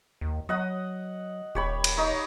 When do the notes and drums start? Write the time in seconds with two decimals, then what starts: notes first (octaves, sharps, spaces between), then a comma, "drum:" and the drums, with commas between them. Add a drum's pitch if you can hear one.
0.21 D#2
0.49 F#3 D#5 F#5 D#6
1.55 D#1 G4 C#5 B5
1.84 drum: cymbal
1.97 D#4 C#5 D#5